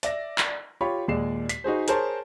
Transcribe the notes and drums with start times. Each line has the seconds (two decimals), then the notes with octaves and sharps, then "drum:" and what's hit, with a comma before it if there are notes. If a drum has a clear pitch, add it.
0.03 D5 E5 A#6, drum: hi-hat
0.38 drum: clap
0.81 F4 G4 C#5 B5
1.08 D#2 A#2 G#3 D5 C7 E7
1.49 B6 C7, drum: hi-hat
1.64 D#4 F#4 G#4 C5
1.88 G#4 A#4 C5 C#5 A5, drum: hi-hat